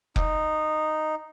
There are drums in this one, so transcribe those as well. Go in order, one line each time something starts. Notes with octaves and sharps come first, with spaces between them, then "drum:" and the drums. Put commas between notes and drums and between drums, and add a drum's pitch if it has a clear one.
D#4, drum: kick F1